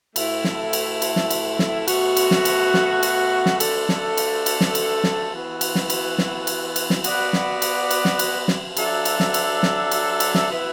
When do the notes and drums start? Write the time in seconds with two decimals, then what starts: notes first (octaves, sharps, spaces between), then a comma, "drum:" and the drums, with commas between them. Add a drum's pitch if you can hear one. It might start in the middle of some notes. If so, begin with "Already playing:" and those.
0.16 A2 A3 E4 A4 E5, drum: cymbal
0.44 drum: snare
0.73 drum: cymbal
1.02 drum: cymbal
1.16 drum: snare
1.30 drum: cymbal
1.59 drum: snare
1.88 B2 A3 F#4, drum: cymbal
2.17 drum: cymbal
2.31 drum: snare
2.45 drum: cymbal
2.74 drum: snare
3.03 drum: cymbal
3.46 drum: snare
3.60 A3 D4 A4, drum: cymbal
3.89 drum: snare
4.17 drum: cymbal
4.46 drum: cymbal
4.61 drum: snare
4.75 drum: cymbal
5.04 drum: snare
5.32 E3 B3 F#4
5.61 drum: cymbal
5.75 drum: snare
5.90 drum: cymbal
6.18 drum: snare
6.47 drum: cymbal
6.76 drum: cymbal
6.90 drum: snare
7.04 B3 F#4 B4 D5, drum: cymbal
7.33 drum: snare
7.62 drum: cymbal
7.91 drum: cymbal
8.05 drum: snare
8.19 drum: cymbal
8.48 drum: snare
8.77 F#3 D4 A4 E5, drum: cymbal
9.05 drum: cymbal
9.20 drum: snare
9.34 drum: cymbal
9.63 drum: snare
9.91 drum: cymbal
10.20 drum: cymbal
10.35 drum: snare
10.49 B2 B3 E4 B4 E5